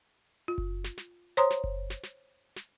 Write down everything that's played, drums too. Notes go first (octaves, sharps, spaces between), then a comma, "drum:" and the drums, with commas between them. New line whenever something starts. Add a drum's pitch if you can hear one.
F4
drum: kick F#1
drum: snare
drum: snare
C5 C#5 A#5 C6 D#6
drum: snare
drum: kick F#1
drum: snare
drum: snare
drum: snare